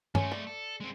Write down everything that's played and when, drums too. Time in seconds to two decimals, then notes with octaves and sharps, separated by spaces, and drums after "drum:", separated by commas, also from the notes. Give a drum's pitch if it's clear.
0.15 G#3 A3 C#4, drum: tom G2
0.32 D5
0.47 A4
0.80 G#3 C4